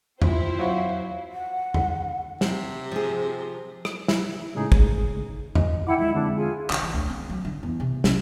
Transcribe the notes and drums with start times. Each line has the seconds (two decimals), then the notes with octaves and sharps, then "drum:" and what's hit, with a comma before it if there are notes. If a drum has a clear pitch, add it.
0.22 C4 E4 F4 C5, drum: tom E2
0.59 F#3 F#4 F5
1.32 F#5
1.74 drum: tom E2
2.41 C3, drum: snare
2.92 F3 G#4
3.85 drum: rim click
4.08 E4, drum: snare
4.55 A2 C#3 G#3 D#4 G#4
4.72 drum: kick
5.55 D#5, drum: tom E2
5.87 E4 F#5 G5 B5 D6
5.98 D2 F3 G#3 E4
6.15 D3 G#3 C4 D4
6.36 F4 G#4 G#5
6.70 D3, drum: clap
6.83 E3
6.94 D2
7.10 C4
7.30 F#3
7.45 D3
7.63 E2
7.80 C3
8.04 C#4, drum: snare